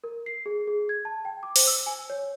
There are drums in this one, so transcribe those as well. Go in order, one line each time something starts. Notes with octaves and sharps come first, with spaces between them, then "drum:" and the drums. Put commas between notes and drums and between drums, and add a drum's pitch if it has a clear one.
A#4
C7
G#4
G#4
G#6
A5
G5
D6
C5, drum: open hi-hat
E6
G#5
C#5